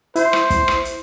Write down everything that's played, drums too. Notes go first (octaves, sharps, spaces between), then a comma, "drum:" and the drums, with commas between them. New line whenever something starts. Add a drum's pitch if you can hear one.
E4 C5, drum: hi-hat
drum: rim click
drum: kick, hi-hat
drum: rim click
drum: hi-hat